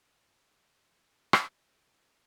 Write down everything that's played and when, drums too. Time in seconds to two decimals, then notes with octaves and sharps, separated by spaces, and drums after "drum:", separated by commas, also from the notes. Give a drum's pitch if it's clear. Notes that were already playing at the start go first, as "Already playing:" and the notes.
Already playing: G5
0.91 D#5 G5
1.33 drum: rim click